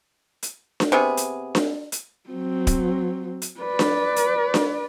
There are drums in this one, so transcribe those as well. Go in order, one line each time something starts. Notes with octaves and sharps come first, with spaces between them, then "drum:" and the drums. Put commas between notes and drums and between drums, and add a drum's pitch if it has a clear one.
drum: hi-hat
drum: snare D4
C3 B3 G#4
drum: hi-hat
drum: snare D4
drum: hi-hat
F#3 C4
drum: kick D1, hi-hat
drum: hi-hat
B4 D5
drum: snare D4
drum: hi-hat
drum: snare D4